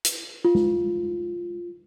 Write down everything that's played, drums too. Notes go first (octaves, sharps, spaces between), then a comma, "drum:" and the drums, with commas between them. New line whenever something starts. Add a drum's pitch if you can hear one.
drum: hi-hat
F4
drum: tom G#3